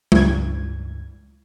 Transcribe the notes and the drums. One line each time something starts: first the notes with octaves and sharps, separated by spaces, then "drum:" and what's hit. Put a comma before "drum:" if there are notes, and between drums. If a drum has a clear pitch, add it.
C#2 G2 G#6, drum: tom G#3